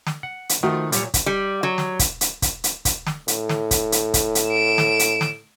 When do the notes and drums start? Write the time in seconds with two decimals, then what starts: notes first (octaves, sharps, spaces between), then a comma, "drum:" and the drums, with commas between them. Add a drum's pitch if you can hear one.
0.07 drum: snare
0.23 F#5
0.49 drum: hi-hat
0.63 D#3 F3 A3 F4 F#4
0.92 A#2 F#3 G3 C#5, drum: hi-hat
1.14 drum: kick, hi-hat
1.26 G3
1.63 F#3
1.78 drum: snare
1.99 drum: kick, hi-hat
2.21 drum: hi-hat
2.42 drum: kick, hi-hat
2.64 drum: hi-hat
2.85 drum: kick, hi-hat
3.07 drum: snare
3.28 A2, drum: hi-hat
3.49 drum: snare
3.71 drum: kick, hi-hat
3.92 drum: hi-hat
4.14 drum: kick, hi-hat
4.35 drum: hi-hat
4.49 D7 E7
4.78 drum: snare
4.99 drum: hi-hat
5.21 drum: snare